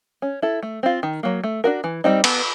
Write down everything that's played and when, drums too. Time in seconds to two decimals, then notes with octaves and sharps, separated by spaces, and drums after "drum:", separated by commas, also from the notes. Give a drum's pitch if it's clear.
0.22 C#4
0.42 E4 A4
0.63 A3
0.83 C4 F4
1.03 D#3
1.23 F#3 A#3
1.44 A3
1.64 D4 F#4 A#4
1.84 E3
2.04 G3 C4 D#4
2.24 B3, drum: cymbal